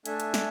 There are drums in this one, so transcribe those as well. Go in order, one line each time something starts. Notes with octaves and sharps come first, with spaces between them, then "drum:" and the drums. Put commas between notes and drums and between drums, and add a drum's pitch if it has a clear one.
A3 D4 A4 E5 G#5, drum: hi-hat
drum: hi-hat
drum: snare